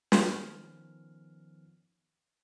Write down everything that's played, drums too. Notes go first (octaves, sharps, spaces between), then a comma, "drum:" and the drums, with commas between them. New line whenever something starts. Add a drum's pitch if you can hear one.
D#3 F3 B3 C#4 F6, drum: snare